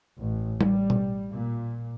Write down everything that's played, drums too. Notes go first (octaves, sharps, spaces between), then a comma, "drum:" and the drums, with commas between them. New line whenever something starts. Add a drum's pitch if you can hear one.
A1
G3, drum: tom G3
drum: tom B2
A#2